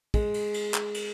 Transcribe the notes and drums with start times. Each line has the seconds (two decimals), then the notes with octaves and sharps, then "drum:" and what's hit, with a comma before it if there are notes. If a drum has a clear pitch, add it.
0.14 G#3, drum: kick, cymbal
0.34 drum: cymbal
0.54 drum: cymbal
0.74 drum: clap
0.94 drum: cymbal